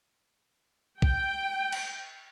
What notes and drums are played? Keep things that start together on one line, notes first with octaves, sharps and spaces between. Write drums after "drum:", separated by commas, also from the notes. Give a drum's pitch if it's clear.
G5, drum: kick B1
drum: cymbal